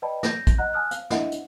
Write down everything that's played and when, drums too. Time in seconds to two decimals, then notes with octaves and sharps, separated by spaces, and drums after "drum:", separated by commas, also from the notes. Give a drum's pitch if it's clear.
0.02 B4 D5 D#5 G5 A5 B5
0.23 G6 A#6, drum: snare
0.47 drum: kick, hi-hat
0.58 D#5 F#5 A#5 F#6
0.73 G#5 A5 D#6 F6 F#6
0.91 F5, drum: hi-hat
1.10 D4 E4 D#5 E5 F#5, drum: snare
1.32 drum: hi-hat